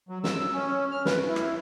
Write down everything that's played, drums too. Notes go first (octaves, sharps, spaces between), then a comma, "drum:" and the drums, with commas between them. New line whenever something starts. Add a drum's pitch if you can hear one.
F#3
E6, drum: snare
C#4
F6
B4, drum: snare
E4
drum: rim click